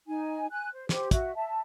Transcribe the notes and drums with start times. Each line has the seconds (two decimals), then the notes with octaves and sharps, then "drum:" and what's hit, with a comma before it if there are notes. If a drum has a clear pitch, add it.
0.07 D#4 G#5
0.50 G#5 F#6
0.72 C5
0.89 G4 C5, drum: snare
1.11 F#4 E5, drum: kick, hi-hat
1.35 E5 A5